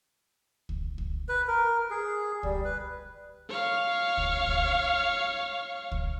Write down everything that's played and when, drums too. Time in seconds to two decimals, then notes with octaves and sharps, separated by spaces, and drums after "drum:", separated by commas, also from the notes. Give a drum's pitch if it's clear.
0.69 drum: kick C#2
0.98 drum: kick C#2
1.29 B4
1.48 A#4
1.90 G#4
2.43 G3, drum: kick C#2
2.65 B4
3.49 C#5 F5
4.17 drum: kick C#2
4.46 drum: kick C#2
5.92 drum: kick C#2